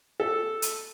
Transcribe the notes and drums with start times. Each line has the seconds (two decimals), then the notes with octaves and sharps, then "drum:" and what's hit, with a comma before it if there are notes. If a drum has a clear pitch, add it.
0.20 A4
0.62 drum: hi-hat